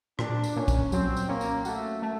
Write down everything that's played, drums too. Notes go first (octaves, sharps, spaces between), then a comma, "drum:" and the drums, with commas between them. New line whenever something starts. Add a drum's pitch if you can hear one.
A#2 D4, drum: rim click
drum: tambourine
A#2 C#4
drum: kick B1, tambourine
F#3 C4, drum: tambourine
drum: tambourine
A#3 C#4
drum: tambourine
A3 F#4, drum: tambourine
A3